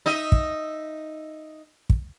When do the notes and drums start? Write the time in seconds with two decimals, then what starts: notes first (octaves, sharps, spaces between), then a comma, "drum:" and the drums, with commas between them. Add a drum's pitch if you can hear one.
0.06 D#4 D#5 E5
0.32 drum: kick
1.90 drum: kick